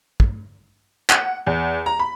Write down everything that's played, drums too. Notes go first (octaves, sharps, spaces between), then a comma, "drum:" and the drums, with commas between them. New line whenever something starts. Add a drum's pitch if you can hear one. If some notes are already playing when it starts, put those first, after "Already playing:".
drum: kick
F#5, drum: clap
E2
A#5
B5